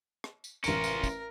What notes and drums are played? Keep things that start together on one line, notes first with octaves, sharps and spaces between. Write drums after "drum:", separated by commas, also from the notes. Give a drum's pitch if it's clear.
drum: rim click
drum: tambourine
A1 C#4 F4 A#4 D7, drum: tambourine
drum: tambourine
drum: kick, tambourine